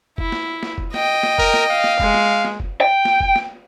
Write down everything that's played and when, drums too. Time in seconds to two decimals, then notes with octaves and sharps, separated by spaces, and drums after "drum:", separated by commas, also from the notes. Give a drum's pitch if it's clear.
0.18 E4, drum: kick F#1
0.32 drum: snare
0.63 drum: snare
0.78 drum: kick F#1
0.94 D#5 G5, drum: snare
1.23 drum: snare
1.38 A#4, drum: kick F#1
1.54 drum: snare
1.70 F5
1.84 drum: snare
2.00 G#3, drum: kick F#1
2.14 drum: snare
2.45 drum: snare
2.60 drum: kick F#1
2.81 G5
3.05 drum: snare
3.20 drum: kick F#1
3.36 drum: snare